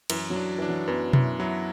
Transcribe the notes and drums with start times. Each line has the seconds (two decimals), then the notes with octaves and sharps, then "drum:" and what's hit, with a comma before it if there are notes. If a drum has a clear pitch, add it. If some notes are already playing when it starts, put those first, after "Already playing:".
0.10 F#2 E3, drum: cymbal
0.30 F#3
0.36 D4
0.58 E3 D4
0.69 F#3
0.88 F#2 B3
1.13 F#2 E4, drum: tom B2
1.39 F#3 E4